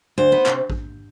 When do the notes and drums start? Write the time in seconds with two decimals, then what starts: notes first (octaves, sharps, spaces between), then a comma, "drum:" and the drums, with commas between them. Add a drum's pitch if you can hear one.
0.18 D2 C5
0.32 B3
0.46 C3, drum: clap
0.70 drum: kick A1